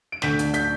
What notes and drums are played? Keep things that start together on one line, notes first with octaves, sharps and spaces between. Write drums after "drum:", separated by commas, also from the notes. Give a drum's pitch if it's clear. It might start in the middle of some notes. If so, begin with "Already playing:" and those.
D7
D2 G6 B6, drum: snare
D3, drum: hi-hat
G6 B6, drum: hi-hat